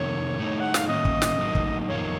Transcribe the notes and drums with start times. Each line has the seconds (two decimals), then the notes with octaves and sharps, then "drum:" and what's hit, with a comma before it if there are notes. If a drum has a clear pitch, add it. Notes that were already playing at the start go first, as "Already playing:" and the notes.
Already playing: F2 C3 D#3 A#3 C#5
0.39 A2 A3 D#4
0.60 F#5
0.74 F5, drum: snare
0.88 D#3 A#3 C#4 D#5
1.05 drum: kick
1.22 drum: snare
1.38 A2 F#3 A#3 D#4
1.55 drum: kick
1.89 F2 D#3 A#3 F4 C#5